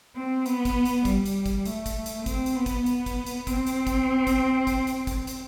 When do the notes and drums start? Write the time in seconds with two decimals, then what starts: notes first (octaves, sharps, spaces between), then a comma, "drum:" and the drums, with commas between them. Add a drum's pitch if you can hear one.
0.16 C4
0.46 B3, drum: hi-hat
0.65 drum: kick, hi-hat
0.85 drum: hi-hat
1.05 G3, drum: kick, hi-hat
1.26 drum: hi-hat
1.46 drum: kick, hi-hat
1.65 A3, drum: hi-hat
1.86 drum: kick, hi-hat
2.06 drum: hi-hat
2.26 C4, drum: kick, hi-hat
2.46 drum: hi-hat
2.56 B3
2.66 drum: kick, hi-hat
2.86 B3, drum: hi-hat
3.06 drum: kick, hi-hat
3.26 drum: hi-hat
3.47 C4, drum: kick, hi-hat
3.67 drum: hi-hat
3.87 drum: kick, hi-hat
4.27 drum: kick, hi-hat
4.67 drum: kick, hi-hat
4.87 drum: hi-hat
5.07 drum: kick, hi-hat
5.27 drum: hi-hat